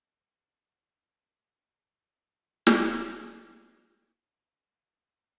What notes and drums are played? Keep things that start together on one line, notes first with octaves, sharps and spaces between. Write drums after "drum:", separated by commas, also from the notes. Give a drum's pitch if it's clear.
F3
drum: snare
F3 F#3 B4 F#5 B5